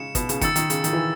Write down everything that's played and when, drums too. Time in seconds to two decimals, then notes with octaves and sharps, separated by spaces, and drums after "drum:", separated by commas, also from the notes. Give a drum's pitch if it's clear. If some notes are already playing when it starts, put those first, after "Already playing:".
Already playing: C#3 G#3 C#7 E7
0.15 B2, drum: kick, hi-hat
0.29 C#3, drum: hi-hat
0.41 D#3 E6 A6 C#7, drum: kick, hi-hat
0.56 D#3, drum: hi-hat
0.70 C#3, drum: hi-hat
0.84 D#3, drum: hi-hat
0.93 E3